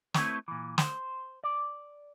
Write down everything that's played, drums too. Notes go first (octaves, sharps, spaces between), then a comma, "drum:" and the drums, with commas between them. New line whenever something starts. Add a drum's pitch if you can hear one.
A3 C4 E4 B4 C#5, drum: snare
A#2 E3
C5, drum: snare
D5